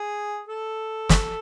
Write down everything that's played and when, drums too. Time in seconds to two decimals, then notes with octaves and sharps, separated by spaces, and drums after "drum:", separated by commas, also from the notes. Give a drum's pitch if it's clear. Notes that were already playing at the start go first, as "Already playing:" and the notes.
Already playing: G#4
0.48 A4
1.09 drum: snare